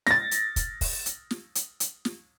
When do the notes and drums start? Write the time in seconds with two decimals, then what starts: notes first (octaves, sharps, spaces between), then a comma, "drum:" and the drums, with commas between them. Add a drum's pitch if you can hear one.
0.07 A6 A#6, drum: snare
0.31 drum: hi-hat
0.56 drum: kick, hi-hat
0.81 drum: kick, open hi-hat
1.06 drum: hi-hat
1.31 drum: snare
1.55 drum: hi-hat
1.80 drum: hi-hat
2.05 drum: snare